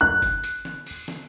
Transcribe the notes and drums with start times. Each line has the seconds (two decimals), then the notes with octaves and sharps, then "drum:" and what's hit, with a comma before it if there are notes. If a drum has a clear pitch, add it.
0.01 F#6
0.22 drum: kick F#1, hi-hat
0.44 drum: hi-hat
0.65 drum: snare
0.86 drum: open hi-hat
1.08 drum: snare